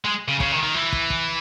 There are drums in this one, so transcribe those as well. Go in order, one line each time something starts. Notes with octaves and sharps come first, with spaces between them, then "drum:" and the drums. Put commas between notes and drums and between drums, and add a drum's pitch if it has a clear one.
G#3
C#3
C#3, drum: kick
D#3
D#3
E3
drum: kick
drum: kick